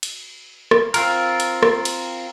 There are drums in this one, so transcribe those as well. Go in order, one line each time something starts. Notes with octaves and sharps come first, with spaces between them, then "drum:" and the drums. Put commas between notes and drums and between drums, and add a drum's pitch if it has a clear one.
drum: cymbal
drum: rim click
C4 F4 A#4, drum: cymbal
drum: cymbal
drum: rim click
drum: cymbal